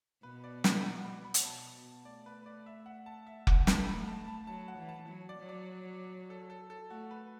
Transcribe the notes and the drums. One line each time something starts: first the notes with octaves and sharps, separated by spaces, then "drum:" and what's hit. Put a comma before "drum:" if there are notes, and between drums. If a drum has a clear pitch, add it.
B2 B4
D5
D5, drum: snare
F#5
B5
B5
drum: hi-hat
B2 A5
A3 D5
B4
D5
E5
F#5
A5
E5
F#5, drum: kick F1
A5, drum: snare
A3 B5
A5
A5
F#3 A5
F#5
E3
A5
F#3
D5
F#3
D5
A4
A4
A4
A3 F#4
B4